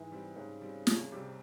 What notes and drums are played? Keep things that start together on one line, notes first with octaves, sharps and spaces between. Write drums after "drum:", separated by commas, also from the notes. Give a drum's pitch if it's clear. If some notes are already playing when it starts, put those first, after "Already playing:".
Already playing: G#2 E3
G3 C4
G#2 C#3
G3 C4
C2, drum: snare
C3 G3 C4